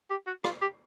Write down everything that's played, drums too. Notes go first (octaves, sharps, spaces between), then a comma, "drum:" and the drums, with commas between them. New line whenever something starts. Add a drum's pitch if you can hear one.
G4
F#4
F4, drum: rim click
G4